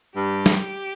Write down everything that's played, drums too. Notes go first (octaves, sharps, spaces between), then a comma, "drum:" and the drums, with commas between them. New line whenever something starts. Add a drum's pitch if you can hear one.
G2 G4
drum: snare